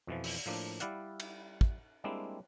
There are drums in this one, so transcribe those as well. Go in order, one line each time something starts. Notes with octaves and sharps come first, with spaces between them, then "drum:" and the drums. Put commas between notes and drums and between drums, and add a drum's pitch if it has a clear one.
F2 B2 E3 F3
drum: open hi-hat
A2 F3 A#3 D4
G3 E4 D5 F5 F#5, drum: hi-hat
drum: cymbal
drum: kick
G3 G#3 A#3 C4 D4 E4